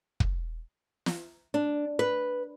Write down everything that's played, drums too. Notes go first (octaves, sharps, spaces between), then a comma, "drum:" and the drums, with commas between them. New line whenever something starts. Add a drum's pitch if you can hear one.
drum: kick
drum: snare
D4
B4